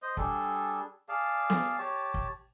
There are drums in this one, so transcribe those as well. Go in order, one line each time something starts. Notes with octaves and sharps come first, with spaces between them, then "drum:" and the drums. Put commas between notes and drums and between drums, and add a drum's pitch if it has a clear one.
C5 D#5
G3 D4 G#4 A4, drum: kick
G#4 D5 F5 A5
drum: snare B3
G4 C#5 A5
drum: kick